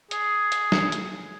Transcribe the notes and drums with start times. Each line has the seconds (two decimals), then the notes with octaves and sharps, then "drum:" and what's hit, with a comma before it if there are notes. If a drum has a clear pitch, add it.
0.11 G#4, drum: hi-hat
0.52 drum: hi-hat
0.72 drum: snare
0.92 drum: hi-hat